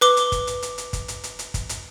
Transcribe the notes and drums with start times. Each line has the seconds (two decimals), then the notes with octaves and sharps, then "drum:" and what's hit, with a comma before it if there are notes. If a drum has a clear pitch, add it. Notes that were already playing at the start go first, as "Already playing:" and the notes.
0.01 B4 D6 G7, drum: hi-hat
0.17 drum: hi-hat
0.32 drum: kick, hi-hat
0.47 drum: hi-hat
0.62 drum: hi-hat
0.78 drum: hi-hat
0.93 drum: kick, hi-hat
1.08 drum: hi-hat
1.24 drum: hi-hat
1.39 drum: hi-hat
1.54 drum: kick, hi-hat
1.69 drum: hi-hat